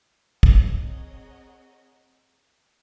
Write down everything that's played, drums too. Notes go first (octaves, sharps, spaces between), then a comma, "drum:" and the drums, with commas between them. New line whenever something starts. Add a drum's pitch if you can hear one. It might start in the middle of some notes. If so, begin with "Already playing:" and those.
C4 G#4 A#4 C#5 D#5 F#5, drum: kick